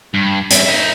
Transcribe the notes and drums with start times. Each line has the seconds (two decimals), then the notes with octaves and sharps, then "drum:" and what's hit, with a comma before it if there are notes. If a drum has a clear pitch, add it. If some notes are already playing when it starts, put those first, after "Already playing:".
0.14 G2
0.51 G2 E5, drum: hi-hat
0.66 D#4 E5